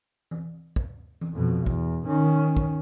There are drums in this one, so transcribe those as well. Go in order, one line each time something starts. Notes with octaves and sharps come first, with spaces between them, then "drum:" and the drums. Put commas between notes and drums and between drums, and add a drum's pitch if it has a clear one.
drum: tom E3
drum: kick
drum: tom E3
F2 B2
E2, drum: kick
D#3 C#4
drum: kick